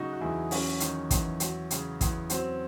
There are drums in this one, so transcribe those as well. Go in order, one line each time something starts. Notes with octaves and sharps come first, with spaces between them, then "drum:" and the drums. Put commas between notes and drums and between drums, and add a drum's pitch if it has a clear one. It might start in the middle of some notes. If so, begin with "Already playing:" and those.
Already playing: C#3 F#3 D#4 F#4
F#4
E2 E4 G#4
F#3 C#4, drum: open hi-hat
D#3, drum: hi-hat
E2, drum: kick, hi-hat
F#3, drum: hi-hat
C#3, drum: hi-hat
E2, drum: kick, hi-hat
F#3 C4, drum: hi-hat